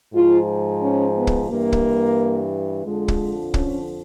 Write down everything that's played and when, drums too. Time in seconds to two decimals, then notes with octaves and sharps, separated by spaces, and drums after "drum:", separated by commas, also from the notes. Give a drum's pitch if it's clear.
0.14 G#2 F3 F4
0.81 C#4
1.16 B3
1.27 drum: kick
1.49 G2 E3 A#3
1.72 drum: kick
2.85 F2 D3 F3 G#3
3.08 drum: kick
3.54 C#4, drum: kick